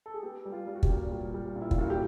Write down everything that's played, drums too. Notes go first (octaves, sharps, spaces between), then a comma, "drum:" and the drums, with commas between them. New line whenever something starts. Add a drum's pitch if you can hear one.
A4
G#4
B3 G4
G3
F4
G3
F#4
G4, drum: kick
A#2
G3
G3
A#2
E4
F4, drum: kick
A#2 F#4
G4